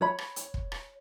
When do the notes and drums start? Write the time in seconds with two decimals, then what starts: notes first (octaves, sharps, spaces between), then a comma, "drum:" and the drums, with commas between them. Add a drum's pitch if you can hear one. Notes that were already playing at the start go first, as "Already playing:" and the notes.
0.01 C#5 B5
0.18 drum: rim click
0.36 drum: hi-hat
0.54 drum: kick
0.72 drum: rim click